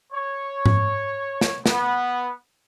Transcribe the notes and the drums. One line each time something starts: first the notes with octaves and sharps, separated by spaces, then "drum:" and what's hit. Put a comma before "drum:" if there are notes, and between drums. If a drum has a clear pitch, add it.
C#5
drum: tom G#2
drum: snare
B3, drum: snare